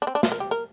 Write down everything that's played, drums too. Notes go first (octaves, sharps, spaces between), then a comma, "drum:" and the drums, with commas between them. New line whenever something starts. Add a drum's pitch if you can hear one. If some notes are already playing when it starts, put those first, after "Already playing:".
D4
C4
D4
F4, drum: snare
A#4
G4
A#4